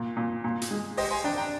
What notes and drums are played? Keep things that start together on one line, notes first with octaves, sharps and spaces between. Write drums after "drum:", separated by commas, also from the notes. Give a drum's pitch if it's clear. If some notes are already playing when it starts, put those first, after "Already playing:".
Already playing: A#2
A#2
A#2
drum: hi-hat
G#3
G4 C5 D#5, drum: open hi-hat
G#5 C6
D4 G5 A#5
G5 A#5